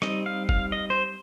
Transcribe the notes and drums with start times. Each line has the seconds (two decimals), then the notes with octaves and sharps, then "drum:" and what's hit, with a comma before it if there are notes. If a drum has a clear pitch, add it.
0.02 G3 C4 D#4 D#5, drum: rim click
0.26 F5
0.49 F5, drum: kick
0.72 D#5
0.90 C5